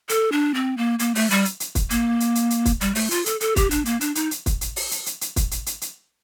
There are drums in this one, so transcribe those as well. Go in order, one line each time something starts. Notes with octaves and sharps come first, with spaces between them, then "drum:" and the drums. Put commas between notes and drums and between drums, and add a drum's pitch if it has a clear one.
A4, drum: hi-hat
D4
C4
A#3
A#3, drum: hi-hat
A3, drum: open hi-hat
G3, drum: hi-hat
drum: hi-hat
drum: hi-hat
drum: kick, hi-hat
A#3, drum: hi-hat
drum: hi-hat
drum: hi-hat
drum: hi-hat
drum: kick, hi-hat
G3, drum: hi-hat
A3, drum: open hi-hat
F4, drum: hi-hat
A4, drum: hi-hat
A4, drum: hi-hat
G4, drum: kick, hi-hat
D4, drum: hi-hat
A#3, drum: hi-hat
D4, drum: hi-hat
D#4, drum: hi-hat
drum: hi-hat
drum: kick, hi-hat
drum: hi-hat
drum: open hi-hat
drum: hi-hat
drum: hi-hat
drum: hi-hat
drum: kick, hi-hat
drum: hi-hat
drum: hi-hat
drum: hi-hat